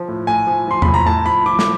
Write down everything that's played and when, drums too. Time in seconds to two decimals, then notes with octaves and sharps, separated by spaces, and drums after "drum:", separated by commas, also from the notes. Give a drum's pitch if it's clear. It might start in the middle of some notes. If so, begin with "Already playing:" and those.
Already playing: F3
0.08 A2
0.27 A2 G#5
0.47 F3
0.68 F3 C6
0.82 A2 B5, drum: tom E2
0.94 A#5
1.06 A2 A5
1.26 F3 B5
1.46 F3 D6
1.59 drum: snare